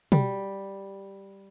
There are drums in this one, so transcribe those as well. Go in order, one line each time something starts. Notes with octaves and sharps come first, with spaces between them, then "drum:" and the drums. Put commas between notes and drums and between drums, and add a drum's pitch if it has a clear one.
G3, drum: tom